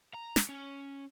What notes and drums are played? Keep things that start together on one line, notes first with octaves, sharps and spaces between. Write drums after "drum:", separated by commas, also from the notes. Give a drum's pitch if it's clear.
A#5
drum: snare
C#4